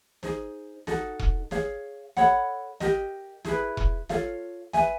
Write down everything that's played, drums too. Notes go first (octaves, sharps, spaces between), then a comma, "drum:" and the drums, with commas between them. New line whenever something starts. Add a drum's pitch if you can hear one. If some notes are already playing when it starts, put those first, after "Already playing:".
D#4 G#4 C5, drum: snare
D#4 F#4 A4, drum: snare
drum: kick E1
G#4 C#5 F5, drum: snare
A4 C#5 F#5 B5, drum: snare
G4 A#4 D#5, drum: snare
E4 G#4 B4, drum: snare
drum: kick E1
F4 A4 C#5 F5, drum: snare
B4 E5 G#5, drum: snare